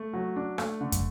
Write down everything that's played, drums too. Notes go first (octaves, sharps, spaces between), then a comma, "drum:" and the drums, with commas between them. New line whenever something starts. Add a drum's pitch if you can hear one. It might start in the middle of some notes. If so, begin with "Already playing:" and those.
Already playing: A3
F#3
D4
A3, drum: rim click
D3
drum: kick, hi-hat